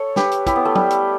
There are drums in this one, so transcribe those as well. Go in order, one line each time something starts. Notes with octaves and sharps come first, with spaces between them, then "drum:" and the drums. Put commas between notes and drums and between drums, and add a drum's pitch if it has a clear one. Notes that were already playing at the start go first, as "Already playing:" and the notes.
Already playing: A4 C#5
G4 B4, drum: snare
drum: hi-hat
E4 G4, drum: kick, hi-hat
B3
A3
G3, drum: tom
drum: hi-hat